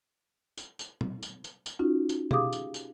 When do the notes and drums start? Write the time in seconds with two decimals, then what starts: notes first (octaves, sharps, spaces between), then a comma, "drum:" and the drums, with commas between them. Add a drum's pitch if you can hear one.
0.58 drum: tambourine
0.79 drum: tambourine
1.01 drum: tom
1.22 drum: tambourine
1.44 drum: tambourine
1.66 drum: tambourine
1.79 C#4 D#4 F4 F#4
2.09 drum: tambourine
2.31 G4 G#4 F5 D6 D#6, drum: tom B2
2.52 drum: tambourine
2.74 drum: tambourine